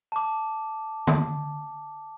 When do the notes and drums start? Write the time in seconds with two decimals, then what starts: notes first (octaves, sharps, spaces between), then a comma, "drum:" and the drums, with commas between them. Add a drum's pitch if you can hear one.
0.12 A5 D6
1.07 drum: tom